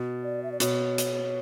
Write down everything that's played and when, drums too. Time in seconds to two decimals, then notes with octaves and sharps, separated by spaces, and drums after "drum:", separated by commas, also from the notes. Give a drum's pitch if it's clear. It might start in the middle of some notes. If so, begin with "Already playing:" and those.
Already playing: B2
0.23 D5
0.43 E5
0.52 D5
0.60 B2 C#5, drum: hi-hat
0.98 drum: hi-hat